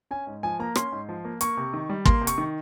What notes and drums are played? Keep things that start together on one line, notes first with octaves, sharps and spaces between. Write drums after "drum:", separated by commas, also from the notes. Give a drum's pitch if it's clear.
C#4 G#5
G#2
F3 G#5
A#3 A#5
C#4 C6, drum: rim click
G#2
F3
A#3
A#3 C#6, drum: hi-hat
C3
D#3
G3
A#3 C6, drum: kick
C3
C#6, drum: hi-hat
D#3